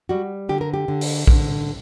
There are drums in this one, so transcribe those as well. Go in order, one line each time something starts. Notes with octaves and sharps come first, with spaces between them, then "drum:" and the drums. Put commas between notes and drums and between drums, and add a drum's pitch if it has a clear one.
G3 F#4
D3 G4
A#4
G4
D3
drum: open hi-hat
D3, drum: kick A#1